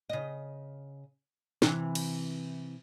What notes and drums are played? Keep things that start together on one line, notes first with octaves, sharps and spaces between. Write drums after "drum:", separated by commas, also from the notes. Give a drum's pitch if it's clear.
C#3 D#5
C3 E3, drum: snare
drum: cymbal